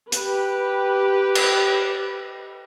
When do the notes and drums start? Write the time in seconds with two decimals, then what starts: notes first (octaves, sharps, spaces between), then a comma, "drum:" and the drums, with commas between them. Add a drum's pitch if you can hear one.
0.12 G4 B4, drum: hi-hat
1.35 drum: cymbal